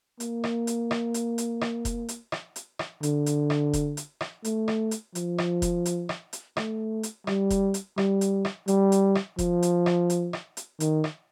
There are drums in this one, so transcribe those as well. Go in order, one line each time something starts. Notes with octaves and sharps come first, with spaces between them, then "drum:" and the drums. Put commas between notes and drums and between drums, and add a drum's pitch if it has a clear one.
A#3, drum: hi-hat
drum: rim click
drum: hi-hat
drum: rim click
drum: hi-hat
drum: hi-hat
drum: rim click
drum: kick F1, hi-hat
drum: hi-hat
drum: rim click
drum: hi-hat
drum: rim click
D3, drum: hi-hat
drum: hi-hat
drum: rim click
drum: kick F1, hi-hat
drum: hi-hat
drum: rim click
A3, drum: hi-hat
drum: rim click
drum: hi-hat
F3, drum: hi-hat
drum: rim click
drum: kick F1, hi-hat
drum: hi-hat
drum: rim click
drum: hi-hat
A3, drum: rim click
drum: hi-hat
G3, drum: rim click
drum: kick F1, hi-hat
drum: hi-hat
G3, drum: rim click
drum: hi-hat
drum: rim click
G3, drum: hi-hat
drum: hi-hat
drum: rim click
F3, drum: kick F1, hi-hat
drum: hi-hat
drum: rim click
drum: hi-hat
drum: rim click
drum: hi-hat
D#3, drum: hi-hat
drum: rim click